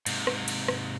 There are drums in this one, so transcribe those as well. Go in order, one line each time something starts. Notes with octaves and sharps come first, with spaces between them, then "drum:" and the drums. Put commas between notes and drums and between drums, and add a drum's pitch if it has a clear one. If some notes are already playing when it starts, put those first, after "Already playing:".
G#2 C3, drum: cymbal
drum: rim click
drum: cymbal
drum: rim click